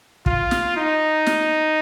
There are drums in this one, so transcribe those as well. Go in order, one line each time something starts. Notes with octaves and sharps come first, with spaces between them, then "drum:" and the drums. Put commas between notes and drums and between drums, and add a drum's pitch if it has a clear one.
F4, drum: kick
drum: snare
D#4
drum: snare